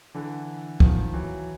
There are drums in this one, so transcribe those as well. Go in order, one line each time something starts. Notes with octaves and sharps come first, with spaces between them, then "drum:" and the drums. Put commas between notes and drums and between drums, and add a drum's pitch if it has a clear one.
D3 E3
D#3 F3, drum: kick
E3 F#3